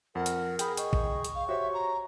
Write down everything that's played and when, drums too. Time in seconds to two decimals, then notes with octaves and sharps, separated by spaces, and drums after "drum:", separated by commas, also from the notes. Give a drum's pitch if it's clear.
0.15 F2 A#4 F#5
0.26 drum: hi-hat
0.59 G#4 G5 B5, drum: hi-hat
0.77 D#5 G5 C#6, drum: hi-hat
0.93 drum: kick
1.25 drum: hi-hat
1.35 F5
1.49 F#4 G4 C5 C#5 E5
1.74 A#5